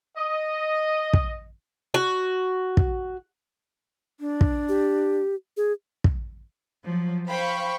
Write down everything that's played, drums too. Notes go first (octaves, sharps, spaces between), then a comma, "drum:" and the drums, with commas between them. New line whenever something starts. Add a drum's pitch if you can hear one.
D#5
drum: kick
F#4
drum: kick
D4
drum: kick
G4
G#4
drum: kick
F3 F#3
C5 F5 G5 B5 C#6